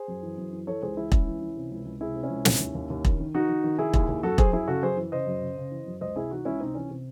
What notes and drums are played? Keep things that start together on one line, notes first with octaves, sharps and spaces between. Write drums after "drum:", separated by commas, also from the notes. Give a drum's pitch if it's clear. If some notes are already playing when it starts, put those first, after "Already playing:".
Already playing: G#4 C5
F#2
E3
F#2
E3
E3 A4 C#5
C#2 G#4 C5
E3 E4 G#4
C#2 C#4 E4, drum: kick E1
E3
E3
C3
C#2
C#2
C3 E4 G#4
C3
C#4 E4
C#2
D#2, drum: snare
D#2
D#2
D#2
D#3, drum: kick E1
D#3
D#3 D#4 F#4
D#3
D#3
D#3 E4 G#4
D#2, drum: kick E1
D#2
F#2 F#4 A4
F#2 G#4 C5, drum: kick E1
F#2 E4 G#4
C#3 F#4 A4
F#2 G#4 C5
E3
C#3 C5 D#5
F#2
C#3
C#3
E3
F#2
C#2 C5 D#5
C3 E4 G#4
E3 D#4 F#4
C#2 C#4 E4
C3 C4 D#4
E3 C#4
C3